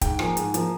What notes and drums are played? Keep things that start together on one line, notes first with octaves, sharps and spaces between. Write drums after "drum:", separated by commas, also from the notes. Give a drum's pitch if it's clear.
G#2 G5, drum: kick, hi-hat
F3 A#3 G#5, drum: rim click
G#2, drum: hi-hat
F3 A#3, drum: hi-hat